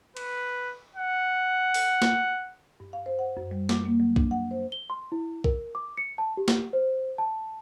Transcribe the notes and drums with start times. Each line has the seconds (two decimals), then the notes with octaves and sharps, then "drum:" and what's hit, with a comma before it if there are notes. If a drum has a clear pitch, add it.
0.17 B4, drum: cymbal
0.96 F#5
1.74 drum: open hi-hat
2.02 drum: snare
2.80 G2
2.93 F5
3.06 C5
3.19 F#5
3.37 F#2
3.51 G3
3.69 D6, drum: snare
3.85 A#3
4.00 F#3
4.16 D4, drum: kick
4.31 F#5
4.51 C5
4.72 G7
4.90 C6
5.12 E4
5.44 A#4, drum: kick
5.75 D6
5.97 C#7
6.18 A5
6.37 G4
6.48 drum: snare
6.73 C5
7.18 A5